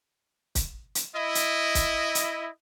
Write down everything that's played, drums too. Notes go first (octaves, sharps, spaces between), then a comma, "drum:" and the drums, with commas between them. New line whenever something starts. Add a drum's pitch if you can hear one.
drum: kick, hi-hat
drum: hi-hat
E4 D#5
drum: hi-hat
drum: kick, hi-hat
drum: hi-hat